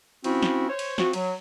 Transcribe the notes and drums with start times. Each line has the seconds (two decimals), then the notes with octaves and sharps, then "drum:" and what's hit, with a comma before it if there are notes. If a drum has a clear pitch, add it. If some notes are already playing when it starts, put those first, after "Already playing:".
0.24 F3 C4 C#4 E4 F#4, drum: cymbal
0.43 drum: snare
0.69 C5 C#5
0.79 drum: cymbal
0.98 F3 C4 F#4, drum: snare
1.13 F#3, drum: cymbal